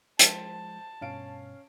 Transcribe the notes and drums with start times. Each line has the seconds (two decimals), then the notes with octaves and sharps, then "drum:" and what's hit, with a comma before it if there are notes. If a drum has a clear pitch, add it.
0.19 F3 G#3 C5 G5 A5, drum: hi-hat
1.01 G2 B2 C#4 F5 D7